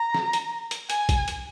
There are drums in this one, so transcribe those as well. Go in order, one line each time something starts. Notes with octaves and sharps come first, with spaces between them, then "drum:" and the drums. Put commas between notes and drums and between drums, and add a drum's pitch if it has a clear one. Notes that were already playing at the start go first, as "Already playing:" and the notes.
Already playing: A#5
drum: snare
drum: hi-hat
drum: hi-hat
G#5, drum: hi-hat
drum: kick A#1, hi-hat
drum: hi-hat